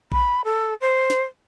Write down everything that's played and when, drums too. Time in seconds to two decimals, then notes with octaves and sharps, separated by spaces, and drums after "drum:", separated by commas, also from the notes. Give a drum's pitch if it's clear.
0.12 B5, drum: kick A#1
0.44 A4
0.81 C5
1.10 drum: snare